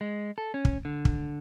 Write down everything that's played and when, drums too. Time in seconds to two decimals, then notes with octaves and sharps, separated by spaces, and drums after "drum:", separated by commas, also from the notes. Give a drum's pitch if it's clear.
0.01 G#3
0.38 A4
0.54 C#4
0.65 drum: kick
0.85 D3
1.05 drum: kick